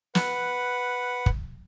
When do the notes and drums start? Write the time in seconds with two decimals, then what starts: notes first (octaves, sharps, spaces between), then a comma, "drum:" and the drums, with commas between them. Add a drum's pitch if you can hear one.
0.15 B4 F#5, drum: snare
1.26 drum: kick